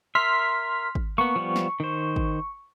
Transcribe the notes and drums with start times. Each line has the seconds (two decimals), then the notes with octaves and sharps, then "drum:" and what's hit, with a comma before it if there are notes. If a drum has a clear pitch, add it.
0.15 A#4 E5 C6 F6 B6
0.95 drum: kick
1.18 A#3 B3 C#6
1.36 F3 G3 B3
1.56 drum: snare
1.80 D#3 C5
2.16 drum: kick